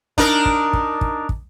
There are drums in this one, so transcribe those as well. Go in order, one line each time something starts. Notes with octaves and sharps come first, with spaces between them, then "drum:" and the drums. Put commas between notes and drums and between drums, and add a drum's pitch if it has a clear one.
D4 D#4 A#4, drum: kick
drum: kick
drum: kick
drum: kick
drum: kick